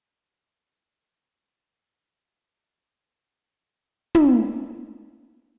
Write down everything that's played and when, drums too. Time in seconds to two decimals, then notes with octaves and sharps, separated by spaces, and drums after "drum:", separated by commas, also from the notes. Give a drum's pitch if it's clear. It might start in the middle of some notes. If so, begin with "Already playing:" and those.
0.03 G1 F#2 D3
3.79 G#3 D#4
4.15 drum: tom